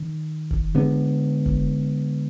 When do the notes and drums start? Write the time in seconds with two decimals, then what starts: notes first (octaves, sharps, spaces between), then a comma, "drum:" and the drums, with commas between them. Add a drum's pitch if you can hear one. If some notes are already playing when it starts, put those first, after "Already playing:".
Already playing: D#3
0.51 drum: kick
0.75 D3 G#3 B3
1.46 drum: kick